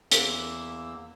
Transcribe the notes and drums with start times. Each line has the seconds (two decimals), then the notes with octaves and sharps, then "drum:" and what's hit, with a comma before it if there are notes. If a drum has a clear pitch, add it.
0.11 E2 A#3 E6, drum: hi-hat